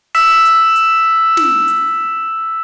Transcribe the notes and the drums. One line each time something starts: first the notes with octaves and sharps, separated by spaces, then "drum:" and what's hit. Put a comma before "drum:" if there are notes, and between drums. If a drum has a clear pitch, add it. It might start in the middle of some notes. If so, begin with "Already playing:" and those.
E6 B6 E7, drum: hi-hat
drum: hi-hat
drum: hi-hat
drum: snare
drum: hi-hat